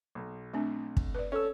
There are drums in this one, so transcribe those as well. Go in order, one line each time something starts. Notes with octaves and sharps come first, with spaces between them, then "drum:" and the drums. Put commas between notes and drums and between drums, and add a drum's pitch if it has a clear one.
B1
A3 C4 D4
drum: kick
B4 D5
C#4 A4 E6